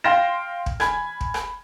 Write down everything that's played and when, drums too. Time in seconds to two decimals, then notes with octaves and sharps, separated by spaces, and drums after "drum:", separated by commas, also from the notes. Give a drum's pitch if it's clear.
0.04 F5 G5 C6 F6 A#6 E7
0.66 drum: kick
0.80 G#5 B5 G#6, drum: rim click
1.21 drum: kick
1.34 drum: rim click